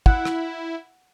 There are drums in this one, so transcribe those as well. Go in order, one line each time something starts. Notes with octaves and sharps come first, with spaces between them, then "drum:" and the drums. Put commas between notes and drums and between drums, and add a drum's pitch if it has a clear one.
E4 F#5, drum: kick
drum: rim click